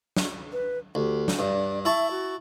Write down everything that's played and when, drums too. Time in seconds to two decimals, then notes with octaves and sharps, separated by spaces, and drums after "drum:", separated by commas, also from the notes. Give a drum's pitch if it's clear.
0.17 drum: snare
0.52 B4
0.95 D2 G4
1.28 drum: snare
1.39 G2 D5
1.85 E4 E5 A5 C#6
2.11 F#4